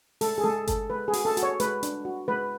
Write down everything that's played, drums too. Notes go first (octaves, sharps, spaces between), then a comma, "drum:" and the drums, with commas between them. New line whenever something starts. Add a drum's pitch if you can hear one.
G#3 A4, drum: open hi-hat
G#4
G#3 A4
G#3 A4, drum: kick G1, hi-hat
G#3 B4
G#4
F#4, drum: open hi-hat
A4
F#4, drum: hi-hat
C#5
G#3 B4, drum: hi-hat
D4, drum: hi-hat
F#4
G#3 B4